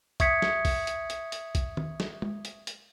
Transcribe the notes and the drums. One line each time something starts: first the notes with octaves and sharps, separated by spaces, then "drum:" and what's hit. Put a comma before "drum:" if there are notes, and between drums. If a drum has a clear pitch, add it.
E5 C#6 D#6 G#6 B6 C#7, drum: kick B1, hi-hat
drum: snare
drum: kick B1, open hi-hat
drum: hi-hat
drum: hi-hat
drum: hi-hat
drum: kick B1, hi-hat
drum: tom
drum: snare
drum: tom
drum: hi-hat
drum: hi-hat